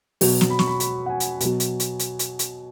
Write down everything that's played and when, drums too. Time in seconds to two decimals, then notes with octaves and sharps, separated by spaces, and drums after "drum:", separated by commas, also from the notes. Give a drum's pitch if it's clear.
0.21 B2 F#3, drum: open hi-hat
0.41 drum: snare
0.50 B5
0.59 C#6, drum: snare
0.67 B5
0.80 B5, drum: hi-hat
1.06 F#5
1.10 G#5
1.20 drum: hi-hat
1.40 B2 F#3, drum: hi-hat
1.60 drum: hi-hat
1.80 drum: hi-hat
1.99 drum: hi-hat
2.19 drum: hi-hat
2.39 drum: hi-hat